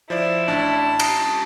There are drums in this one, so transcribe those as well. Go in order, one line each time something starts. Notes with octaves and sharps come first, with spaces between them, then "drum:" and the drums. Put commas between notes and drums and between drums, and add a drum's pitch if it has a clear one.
F3 E4 C5 D5
A1 D4 A5
A#5 D#6 C7, drum: cymbal